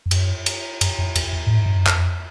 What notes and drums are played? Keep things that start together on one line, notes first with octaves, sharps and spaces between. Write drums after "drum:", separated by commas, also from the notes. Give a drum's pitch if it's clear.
F2
F#2, drum: cymbal
drum: cymbal
F#2, drum: cymbal
F2
E2, drum: cymbal
E2
A2
G#2
G2
F#2
F2, drum: clap